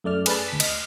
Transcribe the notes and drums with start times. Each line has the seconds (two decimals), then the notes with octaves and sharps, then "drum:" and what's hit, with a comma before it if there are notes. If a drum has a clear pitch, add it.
0.04 F#2 A3 D5 F6
0.26 G#4 B4 D5 A5, drum: cymbal
0.48 D2 B6
0.60 D#5 F6, drum: cymbal